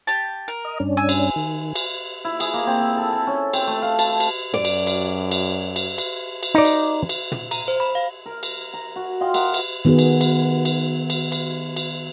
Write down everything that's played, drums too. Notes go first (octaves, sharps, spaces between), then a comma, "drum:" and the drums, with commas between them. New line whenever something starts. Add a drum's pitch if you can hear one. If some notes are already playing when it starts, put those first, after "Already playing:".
G4 A5
A#4
D#5
G2 C#4 D4
G#5 E6
drum: cymbal
D#3
drum: cymbal
E4
G#4, drum: cymbal
A#3
C4
E5
A4
A4
C#4
C4, drum: cymbal
A3
F5
A5, drum: cymbal
drum: cymbal
F#2 D5
drum: cymbal
drum: cymbal
drum: cymbal
drum: cymbal
drum: cymbal
drum: cymbal
D#4 D5
drum: cymbal
drum: cymbal
drum: tom
A#5, drum: cymbal
C5
B5
F5
A#4
drum: cymbal
A#5
F#4
F4 D#5 F#5 G5
A#4 E5 F#5 C6, drum: cymbal
drum: cymbal
D#3 B3 F#4 G#4
drum: cymbal
drum: cymbal
drum: cymbal
drum: cymbal
drum: cymbal
drum: cymbal